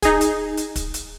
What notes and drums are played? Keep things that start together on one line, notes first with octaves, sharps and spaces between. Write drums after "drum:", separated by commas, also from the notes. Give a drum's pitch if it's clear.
D#4 G#4, drum: kick, hi-hat
drum: hi-hat
drum: hi-hat
drum: kick, hi-hat
drum: hi-hat